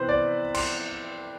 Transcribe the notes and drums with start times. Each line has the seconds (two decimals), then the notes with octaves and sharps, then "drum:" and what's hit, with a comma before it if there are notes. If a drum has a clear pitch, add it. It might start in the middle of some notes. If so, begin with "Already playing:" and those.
Already playing: C3 E3 B3 B4 C5
0.09 D5
0.55 C6, drum: cymbal